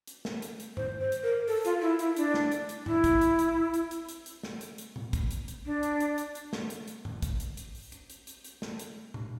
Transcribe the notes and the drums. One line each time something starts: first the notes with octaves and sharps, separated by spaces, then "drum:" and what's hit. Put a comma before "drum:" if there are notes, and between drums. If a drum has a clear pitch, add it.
drum: hi-hat
drum: snare
drum: hi-hat
drum: hi-hat
C5, drum: tom G2
C5
drum: hi-hat
A#4
A4, drum: open hi-hat
F4, drum: hi-hat
E4
E4, drum: hi-hat
D4, drum: hi-hat
drum: snare
drum: hi-hat
drum: hi-hat
E4, drum: tom G2
drum: kick, hi-hat
drum: hi-hat
drum: hi-hat
drum: hi-hat
drum: hi-hat
drum: hi-hat
drum: hi-hat
drum: snare
drum: hi-hat
drum: hi-hat
drum: tom A#2
drum: kick, hi-hat
drum: hi-hat
drum: hi-hat
D4
drum: hi-hat
drum: hi-hat
drum: hi-hat
drum: hi-hat
drum: snare
drum: hi-hat
drum: hi-hat
drum: tom G2
drum: kick, hi-hat
drum: hi-hat
drum: hi-hat
drum: open hi-hat
drum: hi-hat
drum: hi-hat
drum: hi-hat
drum: hi-hat
drum: snare
drum: hi-hat
drum: tom A#2